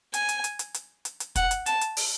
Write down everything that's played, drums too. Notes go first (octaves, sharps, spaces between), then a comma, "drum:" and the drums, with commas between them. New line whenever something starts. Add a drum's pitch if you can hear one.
G#5, drum: hi-hat
drum: hi-hat
drum: hi-hat
drum: hi-hat
drum: hi-hat
drum: hi-hat
drum: hi-hat
F#5, drum: kick, hi-hat
drum: hi-hat
A5, drum: hi-hat
drum: hi-hat
drum: open hi-hat